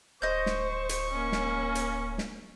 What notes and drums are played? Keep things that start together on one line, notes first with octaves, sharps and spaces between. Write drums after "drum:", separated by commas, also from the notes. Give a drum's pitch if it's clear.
D1 C5 D#5 C#6 G6
drum: snare
drum: hi-hat
A#3 C#4
drum: snare
drum: hi-hat
drum: snare